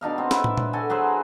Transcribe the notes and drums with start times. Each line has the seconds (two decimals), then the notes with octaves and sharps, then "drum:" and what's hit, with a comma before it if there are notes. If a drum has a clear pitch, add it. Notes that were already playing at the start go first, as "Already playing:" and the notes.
0.01 B2 D4 D#4 F5
0.18 C4
0.31 E4 B4 E5, drum: snare
0.44 drum: tom
0.58 drum: tom A#2
0.73 F#4 A4 G#5
0.90 F#3 G#4 B4 C5